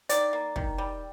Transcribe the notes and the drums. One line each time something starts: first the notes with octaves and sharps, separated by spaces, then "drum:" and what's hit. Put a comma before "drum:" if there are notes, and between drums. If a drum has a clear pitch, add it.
D#3 D5, drum: hi-hat
A#3
D#3, drum: kick
G3